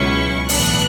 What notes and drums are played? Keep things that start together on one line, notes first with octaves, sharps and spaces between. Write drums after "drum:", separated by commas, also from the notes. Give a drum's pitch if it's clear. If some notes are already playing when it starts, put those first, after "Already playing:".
Already playing: C#2 B2 F#3 C#4 E4 C#6
B1 A2 E3 B3 D4 F#6, drum: open hi-hat